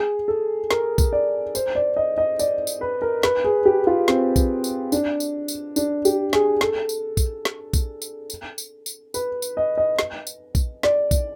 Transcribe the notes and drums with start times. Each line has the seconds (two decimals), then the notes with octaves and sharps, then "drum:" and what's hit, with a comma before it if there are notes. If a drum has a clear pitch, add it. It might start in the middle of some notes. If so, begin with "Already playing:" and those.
Already playing: G#4
0.28 A4
0.71 A#4, drum: snare
0.98 drum: kick A#1, tambourine
1.13 D5
1.55 C5, drum: tambourine
1.75 D5
1.96 D#5
2.18 D#5
2.39 D5, drum: tambourine
2.67 drum: tambourine
2.81 B4
3.02 A#4
3.23 B4, drum: snare
3.44 G#4
3.65 G4
3.87 F4
4.08 C4, drum: snare
4.36 drum: kick A#1, tambourine
4.64 drum: tambourine
4.92 D4, drum: tambourine
5.20 drum: tambourine
5.48 drum: tambourine
5.76 D4, drum: tambourine
6.05 G4, drum: tambourine
6.33 G#4, drum: snare
6.61 A4, drum: snare
6.89 drum: tambourine
7.17 drum: kick A#1, tambourine
7.45 drum: snare
7.73 drum: kick A#1, tambourine
8.02 drum: tambourine
8.30 drum: tambourine
8.58 drum: tambourine
8.86 drum: tambourine
9.14 B4, drum: tambourine
9.42 drum: tambourine
9.57 D#5
9.78 D#5
9.99 drum: snare
10.27 drum: tambourine
10.55 drum: kick A#1, tambourine
10.83 D5, drum: snare
11.11 drum: kick A#1, tambourine